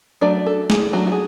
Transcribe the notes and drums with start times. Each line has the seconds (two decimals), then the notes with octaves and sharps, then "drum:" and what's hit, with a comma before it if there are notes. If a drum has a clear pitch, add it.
0.21 F#3 A3 D4 D5
0.46 A4
0.70 G#4, drum: snare
0.93 F#3 A3 D4 F#4
1.07 F#4
1.12 G#4